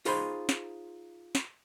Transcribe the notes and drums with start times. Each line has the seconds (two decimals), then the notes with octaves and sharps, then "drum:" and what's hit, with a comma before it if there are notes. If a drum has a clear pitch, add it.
0.05 D#4 F4 G#4 C5 B5 C6, drum: open hi-hat
0.49 drum: snare
1.35 drum: snare